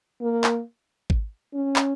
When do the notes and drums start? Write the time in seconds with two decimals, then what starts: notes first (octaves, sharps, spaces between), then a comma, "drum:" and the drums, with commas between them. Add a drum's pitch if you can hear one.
0.21 A#3
0.44 drum: clap
1.10 drum: kick G#1
1.54 C#4
1.76 drum: clap